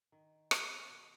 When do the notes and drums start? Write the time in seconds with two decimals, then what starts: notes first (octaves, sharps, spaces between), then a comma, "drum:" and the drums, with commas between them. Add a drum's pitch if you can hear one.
0.12 D#3
0.51 drum: rim click
0.90 B2